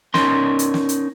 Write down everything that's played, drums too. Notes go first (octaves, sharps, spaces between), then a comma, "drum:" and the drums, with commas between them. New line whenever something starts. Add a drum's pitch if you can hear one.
C#4 D#4 A#4 C6, drum: snare
drum: hi-hat
drum: snare
drum: hi-hat